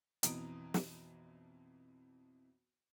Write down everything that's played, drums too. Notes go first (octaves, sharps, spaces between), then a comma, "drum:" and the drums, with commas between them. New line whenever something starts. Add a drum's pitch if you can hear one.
B1 F2 E3 A#5 D#6 D7, drum: hi-hat
drum: snare